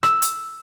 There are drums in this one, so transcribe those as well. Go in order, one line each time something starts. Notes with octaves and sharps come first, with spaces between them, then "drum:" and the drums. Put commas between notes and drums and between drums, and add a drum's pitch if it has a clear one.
E6, drum: rim click
drum: hi-hat